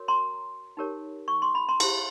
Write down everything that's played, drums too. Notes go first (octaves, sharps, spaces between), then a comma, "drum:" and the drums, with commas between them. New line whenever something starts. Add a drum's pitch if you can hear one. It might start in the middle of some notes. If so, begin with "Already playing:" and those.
Already playing: F#4 A#4 C#5
A#5 C6
D#4 G4 A#4 C#5
C#6
C6
B5
A#5 C6
E4 G4 C5, drum: cymbal